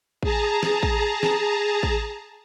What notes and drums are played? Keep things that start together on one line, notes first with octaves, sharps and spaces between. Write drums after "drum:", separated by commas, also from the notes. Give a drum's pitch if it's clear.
G#4 A5 A#5, drum: kick
drum: snare
drum: kick
drum: snare
drum: kick